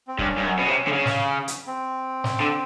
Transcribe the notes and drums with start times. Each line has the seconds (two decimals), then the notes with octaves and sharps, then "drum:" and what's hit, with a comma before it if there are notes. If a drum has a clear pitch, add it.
0.08 C4
0.19 G2 C#4, drum: kick C#1
0.38 G2
0.44 F#2
0.59 B2
0.68 C3
0.87 D3
0.93 C#3
1.05 drum: snare
1.48 drum: hi-hat
1.67 C4
2.24 drum: snare
2.40 D3